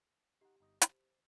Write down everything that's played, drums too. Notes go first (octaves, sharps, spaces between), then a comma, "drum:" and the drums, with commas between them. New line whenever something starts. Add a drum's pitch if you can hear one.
D#4 G4 F#5
G1 D#4 D#5
C5, drum: hi-hat